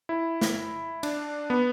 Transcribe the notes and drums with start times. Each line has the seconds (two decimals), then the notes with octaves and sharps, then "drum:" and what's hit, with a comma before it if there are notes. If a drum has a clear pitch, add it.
0.09 E4
0.41 drum: snare
1.03 D4, drum: cymbal
1.50 B3